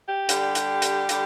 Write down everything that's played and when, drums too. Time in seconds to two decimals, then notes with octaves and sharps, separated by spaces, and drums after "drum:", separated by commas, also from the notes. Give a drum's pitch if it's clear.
0.08 G4
0.29 D3 G3, drum: hi-hat
0.55 drum: hi-hat
0.82 drum: hi-hat
1.09 D3 G3, drum: hi-hat